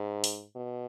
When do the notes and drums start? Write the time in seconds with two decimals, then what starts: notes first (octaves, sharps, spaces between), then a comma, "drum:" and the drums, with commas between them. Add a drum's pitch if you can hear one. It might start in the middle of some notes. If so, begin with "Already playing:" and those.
Already playing: G#2
0.24 drum: open hi-hat
0.56 B2